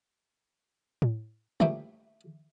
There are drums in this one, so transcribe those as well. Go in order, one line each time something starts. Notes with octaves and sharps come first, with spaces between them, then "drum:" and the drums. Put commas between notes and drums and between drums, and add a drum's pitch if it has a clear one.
drum: tom A2
A#1 C#3 E3 G3 A3 G5, drum: tom